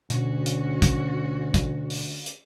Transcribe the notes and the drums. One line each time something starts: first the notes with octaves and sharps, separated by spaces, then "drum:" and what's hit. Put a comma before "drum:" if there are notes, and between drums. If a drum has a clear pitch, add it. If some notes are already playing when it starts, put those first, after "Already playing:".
D2 B2 C#4 F#4, drum: hi-hat
drum: hi-hat
drum: kick, hi-hat
drum: kick, hi-hat
drum: open hi-hat
drum: hi-hat